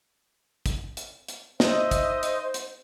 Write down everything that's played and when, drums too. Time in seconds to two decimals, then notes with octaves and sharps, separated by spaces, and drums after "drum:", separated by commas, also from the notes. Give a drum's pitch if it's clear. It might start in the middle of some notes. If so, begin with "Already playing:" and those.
0.66 drum: kick, hi-hat
0.97 drum: hi-hat
1.28 drum: hi-hat
1.60 D#4 C5 D#5 E5, drum: snare
1.91 drum: kick, hi-hat
2.23 drum: hi-hat
2.54 drum: hi-hat